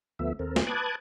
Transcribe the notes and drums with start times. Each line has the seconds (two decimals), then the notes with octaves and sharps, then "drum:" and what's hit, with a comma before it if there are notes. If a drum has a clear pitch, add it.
0.19 D2 F3 A3 B3 E5
0.39 D#2 C4 A4 A#4
0.56 drum: snare
0.67 B4 A5 D6 D#6 F#6 G#6